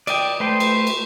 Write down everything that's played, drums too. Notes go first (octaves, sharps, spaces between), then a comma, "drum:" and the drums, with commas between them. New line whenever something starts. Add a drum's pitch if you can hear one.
D5 D#5 G5, drum: cymbal
A3 B4 C5 G5
drum: cymbal
drum: cymbal